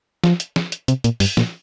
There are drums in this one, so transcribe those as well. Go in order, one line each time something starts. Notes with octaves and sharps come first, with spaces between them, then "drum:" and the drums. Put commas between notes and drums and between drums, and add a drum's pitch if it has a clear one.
F3, drum: snare
drum: hi-hat
drum: snare
drum: hi-hat
C3, drum: hi-hat
A#2, drum: hi-hat
G2, drum: open hi-hat
A#2, drum: snare